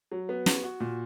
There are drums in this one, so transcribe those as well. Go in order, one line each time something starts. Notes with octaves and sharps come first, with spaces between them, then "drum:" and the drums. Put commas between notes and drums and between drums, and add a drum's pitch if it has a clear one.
F#3
B3
F#4, drum: snare
F#4
A#2